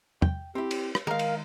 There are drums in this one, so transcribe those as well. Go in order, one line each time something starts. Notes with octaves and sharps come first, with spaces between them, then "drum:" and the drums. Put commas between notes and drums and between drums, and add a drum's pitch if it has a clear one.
G5, drum: tom
C4 E4 G4
drum: cymbal
drum: rim click
D#3 G#3 A#4 F5
drum: cymbal